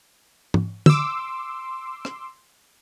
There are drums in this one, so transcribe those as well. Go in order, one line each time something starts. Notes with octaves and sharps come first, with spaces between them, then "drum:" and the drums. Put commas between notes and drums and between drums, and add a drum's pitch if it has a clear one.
drum: tom
C6 D6 E6, drum: tom
drum: rim click